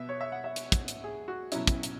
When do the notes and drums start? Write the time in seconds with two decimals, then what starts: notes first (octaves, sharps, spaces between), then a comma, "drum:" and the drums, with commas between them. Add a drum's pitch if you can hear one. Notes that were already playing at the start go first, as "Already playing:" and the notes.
Already playing: B2 B3 E5
0.09 C#5
0.21 E5
0.32 F#5
0.44 E5
0.56 drum: hi-hat
0.72 drum: kick, hi-hat
0.88 drum: hi-hat
1.04 G#4
1.28 F#4
1.52 B2 F#3 C#4 E4, drum: hi-hat
1.67 drum: kick, hi-hat
1.83 drum: hi-hat